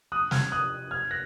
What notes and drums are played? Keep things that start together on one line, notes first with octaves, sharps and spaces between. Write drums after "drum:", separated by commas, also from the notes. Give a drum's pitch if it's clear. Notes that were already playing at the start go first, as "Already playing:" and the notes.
D#6 F#6
F6 G#6, drum: snare
D#6 F#6
F6 G#6
F#6 A#6